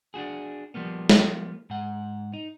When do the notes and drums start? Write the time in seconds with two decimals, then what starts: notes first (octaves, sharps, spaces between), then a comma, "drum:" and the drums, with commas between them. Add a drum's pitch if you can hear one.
0.14 D4 D#4 F#4 G#4
0.74 F3 G3 A#3 B3
1.09 drum: snare
1.70 G#2 F#5
2.33 D#4